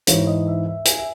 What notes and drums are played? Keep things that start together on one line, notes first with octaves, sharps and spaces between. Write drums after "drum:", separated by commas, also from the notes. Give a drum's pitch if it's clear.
G#2 E3 C#5, drum: hi-hat
D#5
E5
E5
G#5, drum: hi-hat
E5